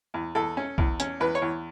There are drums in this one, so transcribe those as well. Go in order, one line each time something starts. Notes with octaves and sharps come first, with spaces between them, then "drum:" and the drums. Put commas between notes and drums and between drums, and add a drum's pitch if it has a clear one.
E2
E2 A4
C#4
E2, drum: kick B1
C#4, drum: hi-hat
E2 B4
C#5
E2